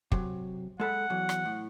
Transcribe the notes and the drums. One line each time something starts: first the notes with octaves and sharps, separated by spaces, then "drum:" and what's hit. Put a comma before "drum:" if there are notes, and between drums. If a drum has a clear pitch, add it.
C3 F#3, drum: kick
G#3 A4 F#5 B5
E2 F#3
drum: rim click
A2